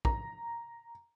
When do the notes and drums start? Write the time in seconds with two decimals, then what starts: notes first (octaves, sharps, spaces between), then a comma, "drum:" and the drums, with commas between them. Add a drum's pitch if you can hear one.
0.05 A#5, drum: kick